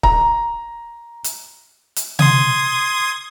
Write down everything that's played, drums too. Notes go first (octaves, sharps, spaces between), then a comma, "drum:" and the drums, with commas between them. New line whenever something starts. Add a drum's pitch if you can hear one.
A#5, drum: kick C#1
drum: hi-hat
drum: hi-hat
C6 D#6 G#6, drum: tom C3